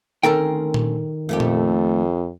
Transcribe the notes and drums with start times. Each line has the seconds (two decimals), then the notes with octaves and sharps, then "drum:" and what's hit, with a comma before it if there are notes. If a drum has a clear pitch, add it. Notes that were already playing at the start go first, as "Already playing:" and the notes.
0.23 D2 D#3 C4 C#4 A4 A#4 G5
0.74 drum: tom A#2
1.29 F2 A3 A#3 G4
1.40 drum: tom A#2